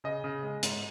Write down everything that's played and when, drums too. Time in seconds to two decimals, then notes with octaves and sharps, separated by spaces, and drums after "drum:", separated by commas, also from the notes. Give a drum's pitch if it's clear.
0.04 C#3 D#5
0.24 C#3
0.43 G#3
0.63 G#2, drum: hi-hat